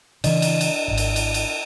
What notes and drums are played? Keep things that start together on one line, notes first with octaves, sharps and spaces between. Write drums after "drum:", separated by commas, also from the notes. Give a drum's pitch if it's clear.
C#3 E3 D4 D5 D#5, drum: cymbal
drum: cymbal
drum: cymbal
D#1 G#1
drum: cymbal
drum: cymbal
drum: cymbal